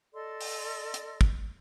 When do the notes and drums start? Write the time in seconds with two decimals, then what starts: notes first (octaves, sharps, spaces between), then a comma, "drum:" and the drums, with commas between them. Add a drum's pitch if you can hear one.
0.14 A4 D5 D#5 C6
0.41 drum: open hi-hat
0.94 drum: hi-hat
1.21 drum: kick